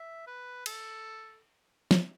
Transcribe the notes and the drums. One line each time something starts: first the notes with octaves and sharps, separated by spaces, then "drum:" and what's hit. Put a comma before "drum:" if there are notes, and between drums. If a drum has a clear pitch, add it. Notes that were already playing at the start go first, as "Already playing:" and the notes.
Already playing: E5
B4
A4, drum: cymbal
drum: snare